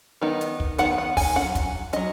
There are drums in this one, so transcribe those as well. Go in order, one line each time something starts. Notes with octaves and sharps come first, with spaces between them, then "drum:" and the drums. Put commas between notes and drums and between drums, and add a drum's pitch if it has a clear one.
D#3 B3 D#4
drum: hi-hat
drum: kick
D#3 B3 D#4 F#5, drum: hi-hat
F#5
G#5, drum: kick, open hi-hat
F#3 C#4 F#5
drum: kick, hi-hat
F#3 C#4 D#5, drum: hi-hat